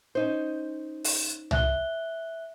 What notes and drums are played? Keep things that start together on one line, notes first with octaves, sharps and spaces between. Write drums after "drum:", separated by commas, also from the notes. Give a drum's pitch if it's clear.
C#4 D#4 C5
drum: open hi-hat
E5 F#6 G7, drum: tom